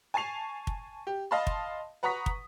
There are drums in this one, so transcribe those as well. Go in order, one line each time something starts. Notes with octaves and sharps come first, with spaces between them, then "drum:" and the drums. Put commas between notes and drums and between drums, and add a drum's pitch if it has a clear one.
G#5 A5 C#6 C7 F7
drum: kick
G4
D#5 F5 A5 B5 C6
drum: kick
B4 F#5 A#5 C#6 D#6 B6
drum: kick